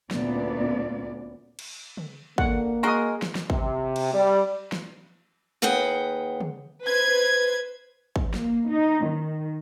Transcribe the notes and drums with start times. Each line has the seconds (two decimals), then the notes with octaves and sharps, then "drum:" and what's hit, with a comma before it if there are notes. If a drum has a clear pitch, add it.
0.11 D2 A#2 B3 C#4 D5, drum: snare
1.59 drum: cymbal
1.97 drum: tom
2.38 D3 A#3 F#5, drum: kick
2.83 G#3 F#4 A#4 C6 D#6
3.22 drum: snare
3.35 drum: snare
3.50 C3, drum: kick
3.96 drum: cymbal
4.13 G3
4.72 drum: snare
5.62 D#2 G#4 B4 F#5 G5
6.41 drum: tom
6.84 B4 C5 G#6
8.16 drum: kick
8.34 A#3, drum: snare
8.71 D#4
9.05 D#3